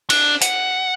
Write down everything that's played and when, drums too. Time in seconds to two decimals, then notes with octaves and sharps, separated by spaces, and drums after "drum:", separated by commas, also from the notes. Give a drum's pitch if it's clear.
0.10 D4, drum: cymbal
0.42 F#5, drum: hi-hat